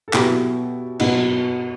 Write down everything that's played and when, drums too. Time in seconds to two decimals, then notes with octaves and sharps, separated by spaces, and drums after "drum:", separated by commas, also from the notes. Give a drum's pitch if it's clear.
0.08 A4
0.13 B2 F#3 B3 E4 G4, drum: clap
1.00 B2 F#3 B3 D#4 F#4, drum: cymbal